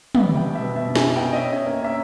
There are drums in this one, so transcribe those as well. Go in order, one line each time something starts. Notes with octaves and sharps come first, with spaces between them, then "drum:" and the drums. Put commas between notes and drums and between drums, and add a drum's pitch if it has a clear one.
B3 E5, drum: tom
G3
G5
B2
E5
B3
B2 E5
B2
G#5, drum: snare
B2
G5
B2
D#5
C#4 E5
C#4
A#3
C#4 E5